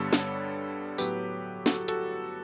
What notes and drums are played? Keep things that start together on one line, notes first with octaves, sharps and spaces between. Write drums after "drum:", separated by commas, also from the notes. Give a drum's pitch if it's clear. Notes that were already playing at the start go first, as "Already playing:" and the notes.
Already playing: G2 D3 G3 B3 A4 C#5
drum: snare
A2 F#3 B3 G4 B4, drum: tambourine
F#4 A4, drum: snare
F#4 A4, drum: hi-hat